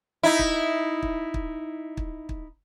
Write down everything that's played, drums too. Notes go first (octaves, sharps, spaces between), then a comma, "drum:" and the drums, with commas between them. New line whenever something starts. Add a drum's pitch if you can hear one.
D#4 E4
drum: kick
drum: kick
drum: kick
drum: kick
drum: kick